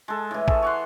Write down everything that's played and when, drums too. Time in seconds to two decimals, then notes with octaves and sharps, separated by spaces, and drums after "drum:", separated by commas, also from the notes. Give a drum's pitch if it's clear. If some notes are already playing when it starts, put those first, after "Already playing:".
0.08 G#3 A4
0.31 A2 E3
0.48 G#4 A4 C#5, drum: kick
0.62 C#5 F#5 C6